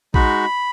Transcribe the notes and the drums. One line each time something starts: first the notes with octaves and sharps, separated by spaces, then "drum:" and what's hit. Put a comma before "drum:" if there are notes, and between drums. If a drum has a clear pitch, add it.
G#3 D#4 F#4 B5, drum: kick A#1